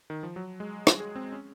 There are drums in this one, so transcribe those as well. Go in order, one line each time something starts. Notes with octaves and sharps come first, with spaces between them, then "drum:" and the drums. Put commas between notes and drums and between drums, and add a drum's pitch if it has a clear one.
D#3
F3
F#3
G#3
drum: rim click
G#4
C4
C#4